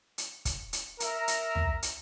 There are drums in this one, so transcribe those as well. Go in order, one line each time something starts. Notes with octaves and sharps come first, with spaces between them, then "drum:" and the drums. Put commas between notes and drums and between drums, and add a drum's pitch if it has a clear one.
drum: hi-hat
drum: kick, hi-hat
drum: hi-hat
A#4 E5 A#5, drum: hi-hat
drum: hi-hat
drum: tom
drum: hi-hat